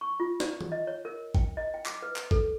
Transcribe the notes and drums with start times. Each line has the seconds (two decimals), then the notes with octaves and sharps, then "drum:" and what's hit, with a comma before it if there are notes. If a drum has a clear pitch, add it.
0.01 C#6
0.20 F4
0.40 D5, drum: snare
0.61 drum: tom D#3
0.72 D#5
0.87 C#5
1.05 A#4
1.35 G5, drum: kick G#1
1.57 D#5
1.74 G5
1.86 D6, drum: clap
2.02 B4
2.16 drum: clap
2.31 A4, drum: kick G#1